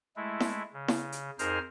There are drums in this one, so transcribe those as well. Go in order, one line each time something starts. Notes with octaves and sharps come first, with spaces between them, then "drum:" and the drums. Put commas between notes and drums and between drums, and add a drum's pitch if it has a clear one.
G#3 A3 E4
drum: snare E4
C#3
drum: snare E4
drum: hi-hat
F2 D#4 G#4 A#4 C5 F6, drum: hi-hat